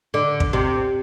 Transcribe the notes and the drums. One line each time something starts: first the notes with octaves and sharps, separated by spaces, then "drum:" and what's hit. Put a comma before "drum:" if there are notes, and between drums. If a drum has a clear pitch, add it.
D3
drum: kick
C3